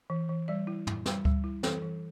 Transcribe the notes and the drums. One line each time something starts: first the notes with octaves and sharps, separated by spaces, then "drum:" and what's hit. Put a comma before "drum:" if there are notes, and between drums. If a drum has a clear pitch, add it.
E3
E3
G3 D5
E4
E4, drum: tom
G3, drum: snare
G3, drum: kick D2
E4
E3 A4, drum: snare
E3